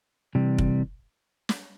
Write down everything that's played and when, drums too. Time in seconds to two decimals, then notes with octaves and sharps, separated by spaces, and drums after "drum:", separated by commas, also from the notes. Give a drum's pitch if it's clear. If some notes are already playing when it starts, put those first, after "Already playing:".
0.35 C3 E3 G3
0.59 drum: kick
1.49 drum: snare